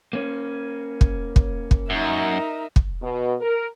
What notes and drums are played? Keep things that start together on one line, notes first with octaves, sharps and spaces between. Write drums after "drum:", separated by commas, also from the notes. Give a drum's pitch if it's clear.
A#3 C#4
drum: kick
drum: kick
drum: kick
F#2 D#4 A#4 E5
drum: kick
B2
A#4